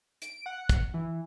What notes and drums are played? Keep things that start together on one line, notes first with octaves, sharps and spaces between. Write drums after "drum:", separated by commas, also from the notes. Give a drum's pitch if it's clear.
D7, drum: hi-hat
F#5
drum: kick, hi-hat
E3